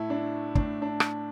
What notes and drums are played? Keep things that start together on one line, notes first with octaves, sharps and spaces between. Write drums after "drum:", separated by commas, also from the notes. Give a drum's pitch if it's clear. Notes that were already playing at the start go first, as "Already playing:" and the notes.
Already playing: A2 A3 E4
D4
A2 A3 D4, drum: kick
D4
drum: rim click